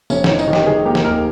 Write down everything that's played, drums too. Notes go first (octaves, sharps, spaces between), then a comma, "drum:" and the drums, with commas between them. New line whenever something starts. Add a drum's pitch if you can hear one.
F1 C#4, drum: tambourine
D#3 C#4, drum: snare
D#4, drum: tambourine
D#3
G4, drum: snare
D#3 G#4
A#3 G4
drum: snare
D#2 A#4